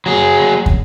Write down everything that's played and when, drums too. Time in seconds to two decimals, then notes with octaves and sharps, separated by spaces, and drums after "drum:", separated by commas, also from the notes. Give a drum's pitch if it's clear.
0.06 F#3 G#4
0.66 drum: kick